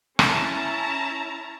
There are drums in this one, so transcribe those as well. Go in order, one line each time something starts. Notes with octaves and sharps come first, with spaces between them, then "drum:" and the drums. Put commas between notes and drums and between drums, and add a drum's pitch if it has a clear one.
C#4 E4 A5 A#5, drum: rim click